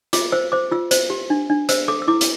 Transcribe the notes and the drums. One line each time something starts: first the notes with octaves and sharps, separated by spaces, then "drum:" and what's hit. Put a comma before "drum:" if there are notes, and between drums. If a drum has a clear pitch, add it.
F4 D6, drum: hi-hat
C5 E6
C5 D6
F4 E6
C5, drum: hi-hat
G4
D4
D4
C5 E6, drum: hi-hat
A4 D6
E6
E4 D6
drum: hi-hat